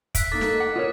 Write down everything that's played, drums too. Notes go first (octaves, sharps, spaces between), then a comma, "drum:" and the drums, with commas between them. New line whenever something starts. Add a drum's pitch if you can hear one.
E5 F#6 B6 D7, drum: kick, hi-hat
A#3 D#4 A4 D6 A6 B6
drum: snare
F#5 D6
F4 A#4 C#5 D#6